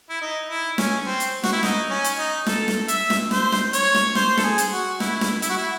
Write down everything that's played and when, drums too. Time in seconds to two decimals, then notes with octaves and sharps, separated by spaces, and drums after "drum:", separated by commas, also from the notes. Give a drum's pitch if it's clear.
0.10 E4
0.22 D#4
0.49 E4
0.78 C#4, drum: snare
1.06 C4
1.20 drum: hi-hat
1.43 F#4, drum: snare
1.53 E4
1.63 D#4, drum: snare
1.91 C#4
2.04 drum: hi-hat
2.18 D#4
2.46 A4, drum: snare
2.68 drum: snare
2.88 E5, drum: hi-hat
3.10 drum: snare
3.31 C5, drum: snare
3.52 drum: snare
3.73 C#5, drum: hi-hat
3.95 drum: snare
4.15 C5, drum: snare
4.37 A4, drum: snare
4.44 G#4
4.58 drum: hi-hat
4.72 F#4
5.00 E4, drum: snare
5.21 drum: snare
5.42 E4, drum: hi-hat
5.50 F#4
5.57 E4